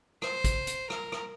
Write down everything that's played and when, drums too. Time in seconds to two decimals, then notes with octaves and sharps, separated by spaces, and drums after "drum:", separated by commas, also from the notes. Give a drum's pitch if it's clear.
0.22 C5, drum: rim click
0.44 drum: kick, hi-hat
0.67 drum: hi-hat
0.90 A#4, drum: rim click
1.12 drum: rim click